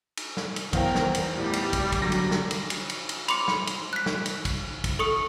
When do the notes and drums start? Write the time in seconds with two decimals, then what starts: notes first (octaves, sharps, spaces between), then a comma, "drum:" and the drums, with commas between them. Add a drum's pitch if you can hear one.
0.17 drum: cymbal
0.37 drum: snare
0.56 drum: cymbal
0.73 E2 A#4 C5 F5 G5, drum: kick, cymbal
0.95 drum: snare
1.15 drum: cymbal
1.37 A2 G3
1.53 drum: cymbal
1.73 drum: kick, cymbal
1.92 drum: kick, cymbal
2.02 D3 F#3 A#6
2.12 drum: cymbal
2.31 drum: snare
2.51 drum: cymbal
2.70 drum: cymbal
2.90 drum: cymbal
3.09 drum: cymbal
3.28 B5 C6 D6 C#7, drum: cymbal
3.48 drum: snare
3.67 drum: cymbal
3.93 F#6 B6
4.06 drum: snare
4.26 drum: cymbal
4.45 drum: kick, cymbal
4.84 drum: kick, cymbal
4.99 A4 C#6 D#6 C#7